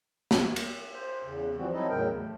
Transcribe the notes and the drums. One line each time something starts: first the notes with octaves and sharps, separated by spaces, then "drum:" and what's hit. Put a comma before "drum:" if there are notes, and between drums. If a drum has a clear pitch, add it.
drum: snare
drum: cymbal
C5
E2 C#3
E3 F3 G3 C4 F#4
F#3 C4 D#4 E4 A4 D#5
E2 A2 C#3 F#3 A#4 G5
D#2 A3